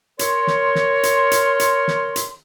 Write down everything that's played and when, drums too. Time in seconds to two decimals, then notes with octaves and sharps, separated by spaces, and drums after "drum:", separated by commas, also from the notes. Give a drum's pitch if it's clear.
0.19 A#4 C#5 C6, drum: hi-hat
0.47 drum: snare
0.75 drum: snare
1.03 drum: hi-hat
1.31 drum: hi-hat
1.60 drum: hi-hat
1.88 drum: snare
2.16 drum: hi-hat